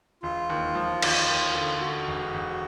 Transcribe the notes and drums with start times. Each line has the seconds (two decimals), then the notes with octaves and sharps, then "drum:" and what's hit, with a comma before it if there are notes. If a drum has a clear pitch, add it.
0.23 E1 F4
0.50 D#2
0.75 F3
1.02 D#2, drum: cymbal
1.28 D#2
1.54 D3
1.80 D3 F#4
2.07 E1
2.34 E1